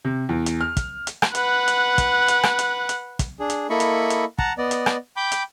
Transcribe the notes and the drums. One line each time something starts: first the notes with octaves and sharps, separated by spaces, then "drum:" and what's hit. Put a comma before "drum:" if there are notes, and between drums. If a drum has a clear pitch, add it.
C3
E2
drum: hi-hat
F6
drum: kick, hi-hat
drum: hi-hat
drum: rim click
B4 F#5, drum: hi-hat
drum: hi-hat
drum: kick, hi-hat
drum: hi-hat
drum: rim click
drum: hi-hat
drum: hi-hat
drum: kick, hi-hat
D4 G#4
drum: hi-hat
A#3 E4 A4 D#5 B5 C#6
drum: hi-hat
drum: hi-hat
F#5 A5 A#5, drum: kick
B3 D5 D#5
drum: hi-hat
drum: rim click
G5 B5 D6 G6
drum: hi-hat